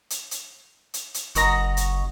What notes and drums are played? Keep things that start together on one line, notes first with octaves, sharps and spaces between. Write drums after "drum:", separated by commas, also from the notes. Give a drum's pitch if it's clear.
drum: hi-hat
drum: hi-hat
drum: hi-hat
drum: hi-hat
F#1 F#4 D#5 A#5, drum: hi-hat
drum: hi-hat